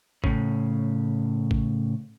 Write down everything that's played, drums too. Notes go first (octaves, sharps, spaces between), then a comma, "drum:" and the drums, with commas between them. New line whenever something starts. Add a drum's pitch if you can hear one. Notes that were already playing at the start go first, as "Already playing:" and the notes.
A2 C#3, drum: kick
drum: kick